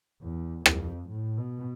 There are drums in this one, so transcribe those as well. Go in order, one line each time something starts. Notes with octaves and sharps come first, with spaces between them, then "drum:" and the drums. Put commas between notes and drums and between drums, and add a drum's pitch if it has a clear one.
E2
F2, drum: rim click
A2
B2